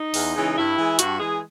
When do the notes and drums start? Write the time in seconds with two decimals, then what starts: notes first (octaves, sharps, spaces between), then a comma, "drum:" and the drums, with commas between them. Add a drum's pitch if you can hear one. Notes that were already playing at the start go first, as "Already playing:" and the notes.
Already playing: D#4
0.14 E2, drum: open hi-hat
0.35 C#3 E3 G#3
0.56 G2 E4
0.77 E3 G#3
0.99 G2 F#4, drum: hi-hat
1.20 E3 G#3 G#4